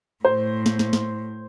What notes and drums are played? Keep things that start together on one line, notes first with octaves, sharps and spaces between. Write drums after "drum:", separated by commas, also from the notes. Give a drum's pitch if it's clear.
A2 C5
drum: snare
drum: snare
drum: snare